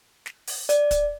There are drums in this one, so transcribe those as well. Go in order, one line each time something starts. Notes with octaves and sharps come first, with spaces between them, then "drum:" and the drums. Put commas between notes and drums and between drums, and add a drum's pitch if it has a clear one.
drum: snare
drum: open hi-hat
D5, drum: hi-hat
drum: kick, hi-hat